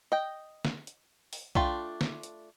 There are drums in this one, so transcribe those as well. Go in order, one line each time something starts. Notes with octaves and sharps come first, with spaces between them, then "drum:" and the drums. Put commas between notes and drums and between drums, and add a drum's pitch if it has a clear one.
D#5 G5
drum: snare
drum: hi-hat
drum: open hi-hat
A3 D4 F4 G5, drum: kick B1
drum: snare
drum: hi-hat